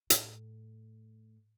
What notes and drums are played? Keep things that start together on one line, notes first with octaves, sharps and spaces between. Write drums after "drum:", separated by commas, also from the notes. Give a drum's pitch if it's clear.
A2, drum: hi-hat